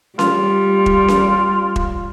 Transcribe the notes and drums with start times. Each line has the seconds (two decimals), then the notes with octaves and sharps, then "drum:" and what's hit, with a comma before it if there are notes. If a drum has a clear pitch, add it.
0.19 G3 F4, drum: snare C#4
0.86 drum: kick E1
1.08 drum: snare C#4
1.76 drum: kick E1